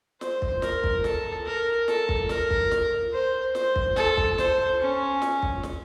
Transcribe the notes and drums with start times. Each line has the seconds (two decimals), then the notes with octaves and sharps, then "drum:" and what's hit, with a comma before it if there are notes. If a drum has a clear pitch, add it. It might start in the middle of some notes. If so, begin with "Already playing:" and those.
0.21 C5, drum: snare
0.42 drum: kick
0.62 A#4, drum: snare
0.84 drum: kick
1.04 A4, drum: snare
1.46 A#4
1.88 A4, drum: snare
2.09 drum: kick
2.29 A#4, drum: snare
2.50 drum: kick
2.71 drum: snare
3.13 C5
3.55 C5, drum: snare
3.76 drum: kick
3.96 A4, drum: snare
4.17 drum: kick
4.38 C5, drum: snare
4.80 C#4
5.22 drum: snare
5.43 drum: kick
5.63 drum: snare